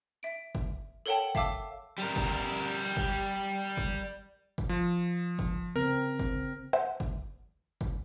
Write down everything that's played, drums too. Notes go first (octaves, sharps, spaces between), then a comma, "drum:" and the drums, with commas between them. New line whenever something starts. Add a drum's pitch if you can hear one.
E5 D7
drum: kick F#1
A4 A#4 C#5 F#5 G5 A5
E5 F5 A5 D6 E6, drum: kick F#1
G3 A#4
drum: kick F#1
drum: kick F#1
drum: kick F#1
drum: kick F#1
F3
drum: kick F#1
C#3 C4 A#4
drum: kick F#1
C5 E5 F#5
drum: kick F#1
drum: kick F#1